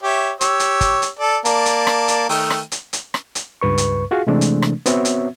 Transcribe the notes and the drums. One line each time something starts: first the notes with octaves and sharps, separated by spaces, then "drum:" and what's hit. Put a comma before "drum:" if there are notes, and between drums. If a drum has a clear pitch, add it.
G4 C#5 E5
G4 C#5 E6, drum: hi-hat
drum: hi-hat
drum: kick, hi-hat
drum: hi-hat
A4 D5
A#3 D5 A5, drum: hi-hat
drum: hi-hat
drum: rim click
drum: hi-hat
D#3 A3 G5, drum: open hi-hat
drum: rim click
drum: hi-hat
drum: hi-hat
drum: rim click
drum: hi-hat
C#2 G2 B4 C#6
drum: hi-hat
F4 F#4 G#4 F5
C3 E3 G#3 A3 C4 D4
drum: hi-hat
drum: rim click
B3 C4 F#4 C#5 E5, drum: hi-hat
drum: hi-hat